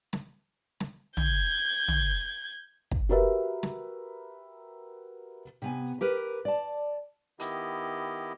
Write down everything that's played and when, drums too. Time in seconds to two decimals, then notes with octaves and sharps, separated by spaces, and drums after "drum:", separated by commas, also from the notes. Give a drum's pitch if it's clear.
0.13 drum: snare
0.80 drum: snare
1.17 G6 G#6, drum: tom
1.88 drum: tom
2.91 drum: kick
3.09 F#4 G4 A#4 B4 E5
3.63 drum: snare
5.62 C3 B3 G#5
6.01 G4 A#4 B4
6.45 D5 A5
7.40 D#3 B3 E4 G4 D#5, drum: hi-hat